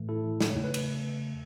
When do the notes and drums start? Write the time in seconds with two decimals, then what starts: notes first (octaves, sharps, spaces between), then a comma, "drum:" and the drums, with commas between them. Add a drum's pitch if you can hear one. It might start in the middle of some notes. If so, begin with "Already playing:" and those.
Already playing: A2 E3 A3
0.09 E4 A4
0.41 drum: snare
0.50 E2 C#3 A3 C#5
0.64 B4
0.74 drum: cymbal